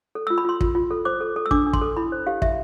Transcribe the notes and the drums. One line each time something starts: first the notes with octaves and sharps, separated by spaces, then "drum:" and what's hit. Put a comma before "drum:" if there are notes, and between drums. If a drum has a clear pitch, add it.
A4
F4 E6
B5
F4 C6
F4, drum: kick
F4
A4
C5 D6
A4
A4
E6
D4 D6, drum: kick
D4
C6, drum: kick
A4
E4 B5
C5
G4 F5
G4 E5, drum: kick